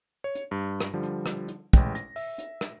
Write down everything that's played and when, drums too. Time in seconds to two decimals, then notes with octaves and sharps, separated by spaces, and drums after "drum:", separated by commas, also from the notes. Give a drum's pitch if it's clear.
0.24 C#5
0.35 drum: hi-hat
0.51 G2
0.80 drum: rim click
0.93 D3 F3 G3
1.03 drum: hi-hat
1.26 drum: rim click
1.48 drum: hi-hat
1.73 A1 G#3 G5, drum: kick, hi-hat
1.95 A#6, drum: hi-hat
2.16 E5, drum: open hi-hat
2.39 drum: hi-hat
2.61 drum: rim click